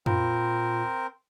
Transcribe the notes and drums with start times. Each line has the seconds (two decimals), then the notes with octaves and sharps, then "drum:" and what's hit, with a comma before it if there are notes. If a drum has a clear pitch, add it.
0.06 A#2 C4 F4 A#4 C5 B5, drum: tom